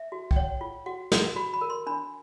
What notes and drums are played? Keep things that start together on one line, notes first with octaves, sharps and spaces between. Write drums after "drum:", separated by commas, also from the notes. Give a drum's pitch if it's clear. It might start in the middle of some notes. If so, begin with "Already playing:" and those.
Already playing: E5
F#4
G5, drum: kick
C#5 F#5
F4
F#4 F#5
F#4, drum: snare
F#4 B5
B5
A#4
C6
D4 B5